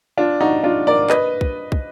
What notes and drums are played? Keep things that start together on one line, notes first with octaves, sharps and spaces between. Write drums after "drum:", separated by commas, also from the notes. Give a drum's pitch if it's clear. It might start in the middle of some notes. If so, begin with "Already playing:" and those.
D4 F4
D#4 F#4
D4 F4
A#4 D5
B4 D#5, drum: clap
drum: kick
drum: kick